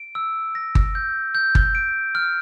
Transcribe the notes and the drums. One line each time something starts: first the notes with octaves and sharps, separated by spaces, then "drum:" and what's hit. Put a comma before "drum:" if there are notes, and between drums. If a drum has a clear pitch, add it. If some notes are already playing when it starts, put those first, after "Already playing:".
Already playing: D7
E6
A#6
drum: kick G1
G6
G6
drum: kick G1
D7
F6